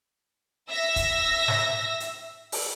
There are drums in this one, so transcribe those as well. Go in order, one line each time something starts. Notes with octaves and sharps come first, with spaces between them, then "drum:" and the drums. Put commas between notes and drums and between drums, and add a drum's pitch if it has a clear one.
E5 E6 A#6
drum: kick, hi-hat
drum: snare G#2
drum: hi-hat
drum: open hi-hat